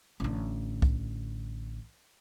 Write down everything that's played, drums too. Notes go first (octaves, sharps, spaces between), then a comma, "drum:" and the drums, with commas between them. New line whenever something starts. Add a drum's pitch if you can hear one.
A1 D3
drum: kick C2